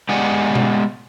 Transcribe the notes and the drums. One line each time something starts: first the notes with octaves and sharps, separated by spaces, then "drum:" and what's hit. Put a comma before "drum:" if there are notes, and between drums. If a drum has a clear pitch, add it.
G#3 B3 G4 D5 F#5 G#5
drum: tom B2